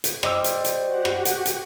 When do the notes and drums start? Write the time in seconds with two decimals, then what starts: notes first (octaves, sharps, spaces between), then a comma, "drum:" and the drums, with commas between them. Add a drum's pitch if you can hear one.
0.04 drum: hi-hat
0.23 G3 C5 D#5 D6 E6, drum: rim click
0.44 drum: hi-hat
0.65 drum: hi-hat
0.85 F#4 G4 F#5
1.05 drum: rim click
1.25 drum: hi-hat
1.45 drum: hi-hat